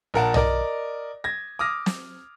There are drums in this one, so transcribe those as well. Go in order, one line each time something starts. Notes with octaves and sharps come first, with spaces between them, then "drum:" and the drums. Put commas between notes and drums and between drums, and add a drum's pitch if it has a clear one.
A#1 A#4 F#5 A5
A#4 D5 D#5, drum: tom B1
G#6 A#6
D6 D#6 F6 A#6
drum: snare